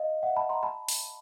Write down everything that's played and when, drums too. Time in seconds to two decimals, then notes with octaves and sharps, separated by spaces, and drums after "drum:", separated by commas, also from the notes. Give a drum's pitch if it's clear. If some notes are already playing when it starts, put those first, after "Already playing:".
Already playing: D#5 F5
0.23 E5 F#5
0.36 A5 B5
0.49 A#5 C6
0.63 A5 B5
0.89 drum: open hi-hat